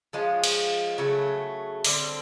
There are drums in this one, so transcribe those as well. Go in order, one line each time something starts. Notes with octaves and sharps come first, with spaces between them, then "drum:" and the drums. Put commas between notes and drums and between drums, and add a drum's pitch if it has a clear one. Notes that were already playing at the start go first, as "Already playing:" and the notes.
F3 G#3 C#4 F4
drum: cymbal
C#3 F#3 A3
D3 G3 C4, drum: open hi-hat